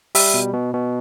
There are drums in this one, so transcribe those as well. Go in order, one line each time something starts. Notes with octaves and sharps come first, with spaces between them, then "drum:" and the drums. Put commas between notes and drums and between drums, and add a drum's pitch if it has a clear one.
G3 E5, drum: open hi-hat
B2
B2
B2